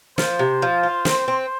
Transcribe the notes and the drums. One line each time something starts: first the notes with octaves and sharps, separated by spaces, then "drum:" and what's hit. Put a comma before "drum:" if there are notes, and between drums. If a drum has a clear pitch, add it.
F3 C5, drum: snare
C3
F3
F4
C4, drum: snare
C4